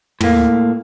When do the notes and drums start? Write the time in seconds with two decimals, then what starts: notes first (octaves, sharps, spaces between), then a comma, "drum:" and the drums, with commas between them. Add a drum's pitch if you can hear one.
0.21 A2 A#3, drum: tom